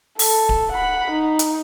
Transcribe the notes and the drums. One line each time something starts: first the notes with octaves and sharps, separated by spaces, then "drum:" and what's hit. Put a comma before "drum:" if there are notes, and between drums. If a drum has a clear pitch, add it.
A4, drum: open hi-hat
drum: kick D1
F#5 B5
D#4
drum: hi-hat